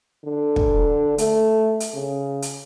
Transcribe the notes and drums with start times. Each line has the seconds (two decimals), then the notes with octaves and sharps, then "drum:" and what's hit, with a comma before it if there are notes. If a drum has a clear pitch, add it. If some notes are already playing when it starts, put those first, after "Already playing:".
0.24 D3
0.56 drum: kick
1.18 A3, drum: hi-hat
1.80 drum: hi-hat
1.95 C#3
2.42 drum: hi-hat